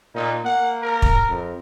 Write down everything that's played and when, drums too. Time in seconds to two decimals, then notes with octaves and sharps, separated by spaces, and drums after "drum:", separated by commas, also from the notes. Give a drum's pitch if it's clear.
0.15 A#2 D#4
0.45 A#3 F#5
0.82 A#4
1.02 drum: kick
1.29 F2